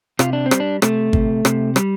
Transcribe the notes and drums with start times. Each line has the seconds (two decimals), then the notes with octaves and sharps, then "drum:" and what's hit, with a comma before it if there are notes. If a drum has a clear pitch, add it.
0.19 C3 F4, drum: rim click
0.33 D4
0.46 C4
0.51 G3, drum: rim click
0.60 D4
0.82 C3 A3, drum: rim click
1.13 C3, drum: kick
1.45 C3, drum: rim click
1.76 G3, drum: rim click